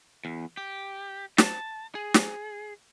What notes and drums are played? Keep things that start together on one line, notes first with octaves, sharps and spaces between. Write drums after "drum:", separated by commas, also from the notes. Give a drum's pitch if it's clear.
E2
G4
A5, drum: snare
G#4
drum: snare